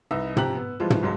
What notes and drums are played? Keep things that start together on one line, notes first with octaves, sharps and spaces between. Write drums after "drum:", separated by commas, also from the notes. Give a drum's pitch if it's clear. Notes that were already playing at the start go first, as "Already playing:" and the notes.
C2 D#4 B4 D#5 E5 E6
C3 F3 G4 A#5 F#6 F#7, drum: tom
B3
E3 F3 G3 G#3 F4
drum: tom
B1 G#2 F#3 G#3